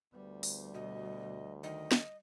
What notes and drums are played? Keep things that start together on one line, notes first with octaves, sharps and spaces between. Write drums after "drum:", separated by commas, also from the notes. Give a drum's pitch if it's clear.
D2 G3 B3
drum: open hi-hat
B2 D#5
D#3 D#5
drum: snare